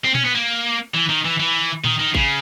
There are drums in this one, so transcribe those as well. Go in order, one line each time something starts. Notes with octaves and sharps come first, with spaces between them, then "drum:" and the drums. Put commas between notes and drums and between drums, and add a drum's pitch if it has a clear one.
C4
C#4, drum: tom A#2
B3
A#3
E3
D#3
E3
E3
D#3, drum: tom A2
D#3
C#3, drum: kick A1